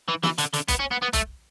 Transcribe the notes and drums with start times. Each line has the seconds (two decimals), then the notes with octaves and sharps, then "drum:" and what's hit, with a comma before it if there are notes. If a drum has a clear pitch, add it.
0.08 E3
0.23 E3, drum: snare
0.38 D3, drum: hi-hat
0.54 D3, drum: hi-hat
0.68 B3, drum: kick B1, hi-hat
0.79 C#4
0.91 B3
1.02 B3
1.13 A3, drum: kick B1, hi-hat